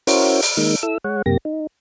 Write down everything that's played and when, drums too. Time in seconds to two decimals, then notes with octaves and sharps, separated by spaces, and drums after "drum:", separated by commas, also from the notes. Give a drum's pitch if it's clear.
0.07 C#4 E4 F#4 A#4 C5 C#5, drum: open hi-hat
0.42 drum: open hi-hat
0.57 D#3 G#3 A#3 D#4
0.83 E4 A4 E6
1.04 G#3 C#5 F#5
1.26 F#2 C3 A#3 G4 A#6
1.45 D#4